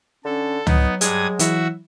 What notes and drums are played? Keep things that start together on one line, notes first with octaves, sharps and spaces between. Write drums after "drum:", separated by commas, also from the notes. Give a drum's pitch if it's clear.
D3 C#4 A4
F#3 B3 D#4, drum: tom
G2 G#3 D#6 G#6, drum: hi-hat
E3 E4 F#4 E5, drum: hi-hat